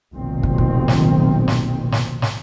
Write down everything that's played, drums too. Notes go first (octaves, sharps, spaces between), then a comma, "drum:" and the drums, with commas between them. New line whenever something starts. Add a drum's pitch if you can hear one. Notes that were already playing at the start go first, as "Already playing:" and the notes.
F1 B1 A#2 D#3 C4
drum: kick
drum: kick
drum: snare
drum: snare
drum: snare
drum: snare